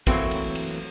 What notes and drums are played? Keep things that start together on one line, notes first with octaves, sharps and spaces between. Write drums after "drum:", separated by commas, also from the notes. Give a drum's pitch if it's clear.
E3 F#3 A3 A#3 C4 F#4, drum: kick, cymbal
drum: cymbal
drum: cymbal